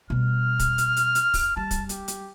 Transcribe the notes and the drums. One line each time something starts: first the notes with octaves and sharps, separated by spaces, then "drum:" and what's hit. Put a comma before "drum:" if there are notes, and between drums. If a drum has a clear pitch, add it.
B2 G3 F6
drum: kick, hi-hat
drum: hi-hat
drum: hi-hat
drum: hi-hat
drum: kick, open hi-hat
G3 A5
drum: kick, hi-hat
G4, drum: hi-hat
drum: hi-hat